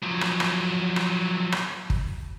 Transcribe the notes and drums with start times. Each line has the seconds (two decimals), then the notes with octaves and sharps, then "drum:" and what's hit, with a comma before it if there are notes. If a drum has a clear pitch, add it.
0.03 F3 F#3
0.21 drum: rim click
0.40 drum: rim click
0.96 drum: rim click
1.52 drum: rim click
1.90 drum: kick